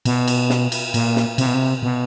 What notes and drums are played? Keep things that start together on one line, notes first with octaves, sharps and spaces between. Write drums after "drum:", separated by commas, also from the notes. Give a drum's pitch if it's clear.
B2, drum: cymbal
drum: cymbal
drum: snare
drum: cymbal
A#2, drum: cymbal
drum: snare
C3, drum: cymbal
B2
C3
B2